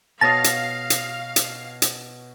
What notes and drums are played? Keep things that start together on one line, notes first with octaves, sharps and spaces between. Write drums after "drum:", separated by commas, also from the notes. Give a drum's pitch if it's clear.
B2 C#5 F5 A5 D#6 A#6
drum: hi-hat
drum: hi-hat
drum: hi-hat
drum: hi-hat